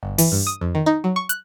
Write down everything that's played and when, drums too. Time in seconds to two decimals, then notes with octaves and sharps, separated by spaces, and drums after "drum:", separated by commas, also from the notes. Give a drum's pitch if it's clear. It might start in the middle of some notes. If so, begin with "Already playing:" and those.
0.03 G1
0.18 E3, drum: open hi-hat
0.32 G2
0.47 D#6
0.61 F2
0.75 D#3
0.86 D#4
1.04 F#3
1.16 C#6
1.29 F#6, drum: hi-hat